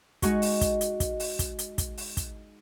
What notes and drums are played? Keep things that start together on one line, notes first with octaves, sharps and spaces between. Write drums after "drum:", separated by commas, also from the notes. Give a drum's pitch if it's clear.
G#3 D#4 F#4 C#6, drum: kick, hi-hat
drum: open hi-hat
drum: kick, hi-hat
drum: hi-hat
drum: kick, hi-hat
drum: open hi-hat
drum: kick, hi-hat
drum: hi-hat
drum: kick, hi-hat
drum: open hi-hat
drum: kick, hi-hat